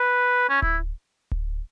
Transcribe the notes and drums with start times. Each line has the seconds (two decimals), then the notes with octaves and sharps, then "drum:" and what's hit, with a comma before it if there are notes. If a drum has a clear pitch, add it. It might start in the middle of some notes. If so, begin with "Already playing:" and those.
Already playing: B4
0.49 C#4
0.62 E4, drum: kick D1
1.32 drum: kick D1